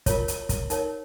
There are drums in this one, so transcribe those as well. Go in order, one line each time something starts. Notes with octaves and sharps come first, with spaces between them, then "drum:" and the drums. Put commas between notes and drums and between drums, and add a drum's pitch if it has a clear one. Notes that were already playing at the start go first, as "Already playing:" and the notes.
F4 A#4 C#5, drum: kick, hi-hat
drum: hi-hat
drum: kick, hi-hat
D#4 A#4 C#5, drum: hi-hat